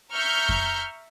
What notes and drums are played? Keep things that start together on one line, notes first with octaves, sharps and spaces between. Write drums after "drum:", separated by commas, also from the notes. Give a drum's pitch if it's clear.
E5 A#5 C#6 F6 G6
drum: kick F2